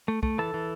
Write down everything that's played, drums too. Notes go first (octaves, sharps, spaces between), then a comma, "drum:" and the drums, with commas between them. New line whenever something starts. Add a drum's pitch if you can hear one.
A3
A3, drum: kick
E3 A4 A5
E3